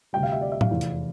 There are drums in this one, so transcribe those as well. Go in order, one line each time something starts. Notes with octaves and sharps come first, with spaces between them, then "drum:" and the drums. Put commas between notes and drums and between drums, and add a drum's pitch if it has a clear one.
D2 C3 G3 G5
F5
E5
D5
E5
F5, drum: tom A2
F1 E2 E3
drum: hi-hat